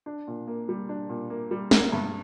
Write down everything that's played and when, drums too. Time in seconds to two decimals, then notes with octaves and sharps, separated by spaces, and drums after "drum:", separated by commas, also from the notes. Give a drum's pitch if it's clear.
0.06 D4
0.27 A#2
0.47 A#3
0.69 G3
0.89 D4
1.09 A#2
1.30 A#3
1.51 G3
1.71 A#3, drum: snare
1.92 G2